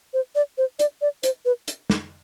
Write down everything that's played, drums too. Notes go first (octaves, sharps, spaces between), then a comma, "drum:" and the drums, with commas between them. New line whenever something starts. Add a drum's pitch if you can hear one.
C5
D5
C5
D5, drum: hi-hat
D5
C5, drum: hi-hat
B4
drum: hi-hat
drum: snare